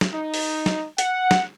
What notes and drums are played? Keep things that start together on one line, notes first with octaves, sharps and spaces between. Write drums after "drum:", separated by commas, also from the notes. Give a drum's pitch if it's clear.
drum: snare
D#4
drum: open hi-hat
drum: snare
F#5, drum: hi-hat
drum: snare